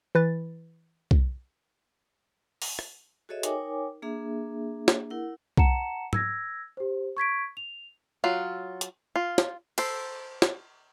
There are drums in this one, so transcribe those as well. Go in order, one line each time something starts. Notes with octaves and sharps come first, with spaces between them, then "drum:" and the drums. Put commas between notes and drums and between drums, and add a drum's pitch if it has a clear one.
E3 B4 A6
drum: kick B1
drum: open hi-hat
drum: rim click
F#4 G#4 A4 C#5 D#5 E5
D#4 A#4 C#5 G5 G#5 D6, drum: hi-hat
A#3 D4 G#4 E5
drum: snare
E4 A#4 F#5
F#5 A5 A#5 C#7 E7, drum: kick B1
E6 G#6 A#6, drum: tom
G4 C5
C#6 G#6 B6 D7
F7
F#3 F4
drum: hi-hat
F4
drum: snare
A4 C5, drum: cymbal
drum: snare